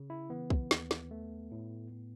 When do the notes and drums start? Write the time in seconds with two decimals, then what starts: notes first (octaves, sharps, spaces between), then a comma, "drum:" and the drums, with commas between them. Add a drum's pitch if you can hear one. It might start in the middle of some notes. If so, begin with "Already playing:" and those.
Already playing: C#3
0.10 E4
0.30 E3 B3
0.50 drum: kick
0.71 D#2, drum: snare
0.91 drum: snare
1.11 A3
1.52 A2
1.92 A2